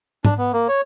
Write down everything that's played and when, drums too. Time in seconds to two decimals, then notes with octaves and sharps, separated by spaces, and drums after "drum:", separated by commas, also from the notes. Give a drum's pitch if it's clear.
0.25 D4, drum: tom
0.38 B3
0.53 A#3
0.68 C#5